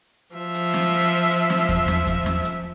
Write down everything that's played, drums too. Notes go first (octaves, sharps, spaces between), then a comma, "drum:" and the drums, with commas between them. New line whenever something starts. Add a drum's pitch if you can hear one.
F3 E5
drum: hi-hat
drum: snare
drum: hi-hat
drum: hi-hat
drum: snare
drum: kick E2, hi-hat
drum: snare
drum: kick E2, hi-hat
drum: snare
drum: hi-hat